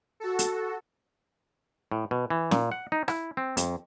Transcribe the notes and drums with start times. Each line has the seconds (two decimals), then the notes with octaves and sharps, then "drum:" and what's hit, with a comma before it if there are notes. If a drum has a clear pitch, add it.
0.20 F#4 A4
0.39 drum: hi-hat
1.92 A2
2.11 B2
2.30 E3
2.51 A#2, drum: snare
2.72 F#5
2.92 D#4
3.08 E4, drum: rim click
3.37 C4
3.57 F2, drum: hi-hat